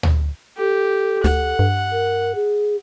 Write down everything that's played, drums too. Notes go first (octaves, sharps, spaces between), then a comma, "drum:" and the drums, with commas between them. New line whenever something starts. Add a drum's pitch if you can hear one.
drum: tom
G4 A4
D2 F#5, drum: snare
G2
A#4
G#4